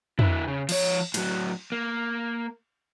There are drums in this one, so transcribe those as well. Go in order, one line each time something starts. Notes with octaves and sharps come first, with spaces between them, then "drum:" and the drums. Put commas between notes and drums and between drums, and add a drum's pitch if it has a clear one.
D3 E4, drum: tom
C#3
F3 C#5, drum: cymbal
A2 F#3, drum: cymbal
A#3